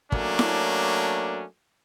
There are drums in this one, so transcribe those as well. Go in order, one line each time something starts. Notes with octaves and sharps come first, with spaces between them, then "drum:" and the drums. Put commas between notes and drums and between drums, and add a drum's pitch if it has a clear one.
F#3 A3 A#3 C#4 D4, drum: kick
drum: snare E4